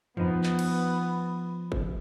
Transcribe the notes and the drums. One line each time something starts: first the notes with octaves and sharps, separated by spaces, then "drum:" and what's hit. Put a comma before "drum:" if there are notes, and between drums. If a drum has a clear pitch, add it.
F3 B3 D#4, drum: tom E2
drum: clap
drum: cymbal
drum: kick